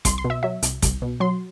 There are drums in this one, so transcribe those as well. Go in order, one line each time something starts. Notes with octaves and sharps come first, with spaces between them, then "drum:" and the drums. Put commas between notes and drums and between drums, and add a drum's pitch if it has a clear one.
C2 C6, drum: kick, hi-hat
C6
B2
E5
F#3 E5
C2, drum: hi-hat
C2, drum: kick, hi-hat
B2
F#3 C6